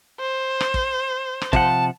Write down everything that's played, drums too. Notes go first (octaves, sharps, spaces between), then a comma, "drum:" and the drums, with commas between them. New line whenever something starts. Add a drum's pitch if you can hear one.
C5
drum: rim click
drum: kick
drum: rim click
C3 F3 F#5 A5, drum: kick